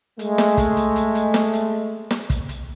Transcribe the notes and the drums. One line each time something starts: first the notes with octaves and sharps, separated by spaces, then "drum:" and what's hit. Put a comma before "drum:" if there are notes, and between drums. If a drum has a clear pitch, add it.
G#3 A3, drum: hi-hat
drum: snare
drum: kick, hi-hat
drum: hi-hat
drum: hi-hat
drum: hi-hat
drum: snare
drum: hi-hat
drum: snare
drum: kick, hi-hat
drum: hi-hat